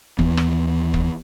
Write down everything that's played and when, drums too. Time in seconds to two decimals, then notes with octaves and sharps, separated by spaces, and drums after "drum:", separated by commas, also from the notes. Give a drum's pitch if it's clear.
0.19 D#2 E3 B3, drum: kick
0.37 drum: rim click
0.94 drum: kick